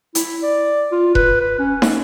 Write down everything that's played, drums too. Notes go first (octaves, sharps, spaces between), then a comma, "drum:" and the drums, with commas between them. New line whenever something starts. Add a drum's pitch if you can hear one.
E4, drum: hi-hat
D5
F4
B4, drum: kick E1
B4
C#4
drum: snare